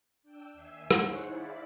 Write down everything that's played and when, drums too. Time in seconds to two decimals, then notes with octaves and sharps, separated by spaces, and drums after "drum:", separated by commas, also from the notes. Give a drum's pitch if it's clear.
0.23 D4 G5 E6
0.53 D#2 E5 G#5 C7
0.91 D#4 E4 G#4 C5 C#5 F#5, drum: rim click
1.26 D5 E5 F5 B5